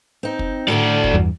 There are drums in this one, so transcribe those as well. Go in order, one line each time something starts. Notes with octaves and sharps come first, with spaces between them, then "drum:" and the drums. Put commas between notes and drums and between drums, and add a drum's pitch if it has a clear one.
C4 D#4
drum: kick
A2 D3 F#4 A4 D5
drum: kick
E2 G2